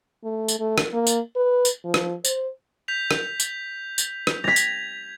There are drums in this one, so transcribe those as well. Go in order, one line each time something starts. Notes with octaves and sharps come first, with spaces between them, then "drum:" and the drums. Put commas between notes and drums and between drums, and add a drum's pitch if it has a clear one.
A3
drum: tambourine
A3
drum: rim click
A#3
drum: tambourine
B4
drum: tambourine
F3
drum: rim click
C5, drum: tambourine
G6 B6 F7
drum: rim click
drum: tambourine
drum: tambourine
drum: rim click
G#6 A#6 B6 F7
drum: tambourine